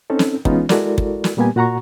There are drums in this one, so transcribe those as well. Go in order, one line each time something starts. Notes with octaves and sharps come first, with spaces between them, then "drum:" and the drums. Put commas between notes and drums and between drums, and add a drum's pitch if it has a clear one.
C4 C#4 D#4 A4
drum: snare
E3 G#3 B3 C#4 D#4 F4, drum: kick
G#3 E4 F#4 A4 A#4 D5, drum: snare
drum: kick
drum: snare
A#2 G3 A#3 B3 G4 G#5
A#2 F#4 F#5 A#5 C#6